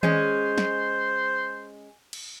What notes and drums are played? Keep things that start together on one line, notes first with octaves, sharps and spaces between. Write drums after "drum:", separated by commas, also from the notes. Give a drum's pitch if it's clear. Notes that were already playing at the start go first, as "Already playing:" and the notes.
G#3 C#4 C5, drum: tom D#3
drum: snare
drum: cymbal